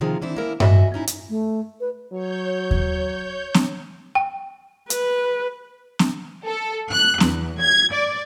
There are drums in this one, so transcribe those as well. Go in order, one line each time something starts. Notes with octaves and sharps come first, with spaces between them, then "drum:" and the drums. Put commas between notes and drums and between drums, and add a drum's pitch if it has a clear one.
C3 D#3 F3 A#3 G#4
E3 C4 D4 E4
A#3 C#4 D4 E4 A#4
F#4 D#5 E5 G#5, drum: tom G2
C#4 D#4 E4
drum: hi-hat
A3
B4
F#3 C#5 G6
drum: kick D#2
drum: snare
G5
B4, drum: hi-hat
drum: snare
A4
F#6
E2, drum: snare
G#6
D5